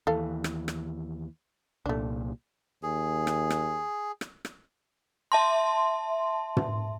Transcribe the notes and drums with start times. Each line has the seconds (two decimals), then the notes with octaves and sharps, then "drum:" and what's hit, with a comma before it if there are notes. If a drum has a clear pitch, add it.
0.07 D#2 E3 A4 F5
0.44 drum: rim click
0.68 drum: rim click
1.86 C2 A#2 A3 D4
2.83 D#2 G#4
3.27 drum: rim click
3.50 drum: rim click
4.21 drum: rim click
4.45 drum: rim click
5.32 E5 A5 C6
6.57 drum: tom